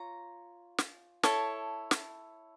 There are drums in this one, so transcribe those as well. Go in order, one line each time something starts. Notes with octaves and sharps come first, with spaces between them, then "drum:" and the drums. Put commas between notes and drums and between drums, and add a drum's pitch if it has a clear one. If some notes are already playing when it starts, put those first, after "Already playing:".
Already playing: F4 C#5 A#5
drum: snare
E4 A4 C#5 A5, drum: snare
drum: snare